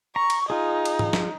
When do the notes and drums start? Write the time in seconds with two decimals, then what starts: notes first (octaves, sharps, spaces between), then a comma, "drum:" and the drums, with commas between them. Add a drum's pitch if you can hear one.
0.16 A#5 C#6
0.30 drum: cymbal
0.50 D#4 F4 G#4
0.85 drum: cymbal
0.99 drum: tom G#2
1.13 drum: snare